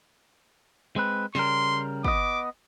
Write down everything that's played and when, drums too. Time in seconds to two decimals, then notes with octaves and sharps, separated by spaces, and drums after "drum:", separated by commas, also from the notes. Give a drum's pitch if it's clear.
0.96 G#3 C4 B4
1.35 C#3 G3 A#4 C6, drum: snare
2.05 B3 D#5 D6, drum: kick